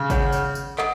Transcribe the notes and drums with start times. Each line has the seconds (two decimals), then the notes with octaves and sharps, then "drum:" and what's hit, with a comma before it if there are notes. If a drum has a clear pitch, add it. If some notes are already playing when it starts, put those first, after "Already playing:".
Already playing: C#3
0.10 G#4 C#5 F#5, drum: kick G#1, tambourine
0.32 drum: tambourine
0.55 drum: tambourine
0.78 A4 D#5 F#5, drum: clap